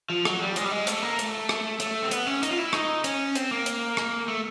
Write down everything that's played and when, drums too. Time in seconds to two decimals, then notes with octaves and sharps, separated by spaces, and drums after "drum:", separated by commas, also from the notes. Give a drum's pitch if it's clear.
0.10 F3
0.25 F#3, drum: rim click
0.41 G3
0.56 G#3, drum: hi-hat
0.64 G3
0.71 G#3
0.87 A3, drum: hi-hat
1.02 A#3
1.19 A3, drum: hi-hat
1.49 drum: rim click
1.80 A3, drum: hi-hat
2.02 C4
2.11 B3, drum: hi-hat
2.27 C#4
2.43 D#4, drum: hi-hat
2.50 F4
2.58 E4
2.73 D#4, drum: rim click
3.04 C#4, drum: hi-hat
3.35 C4, drum: hi-hat
3.51 A#3
3.66 drum: hi-hat
3.97 drum: rim click
4.28 A3